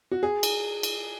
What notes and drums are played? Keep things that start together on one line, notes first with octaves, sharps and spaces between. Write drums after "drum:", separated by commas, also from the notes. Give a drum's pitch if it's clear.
F#4
G#4
drum: cymbal
drum: cymbal